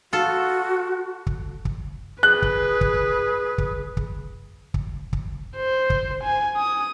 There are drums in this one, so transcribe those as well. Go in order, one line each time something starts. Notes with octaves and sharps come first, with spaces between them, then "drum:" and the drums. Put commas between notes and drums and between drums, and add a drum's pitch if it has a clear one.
F4 F#4 A4
drum: kick
drum: kick
G#4 B4 F#6
drum: kick
drum: kick
drum: kick
drum: kick
drum: kick
drum: kick
C5
drum: kick
G#5
D#6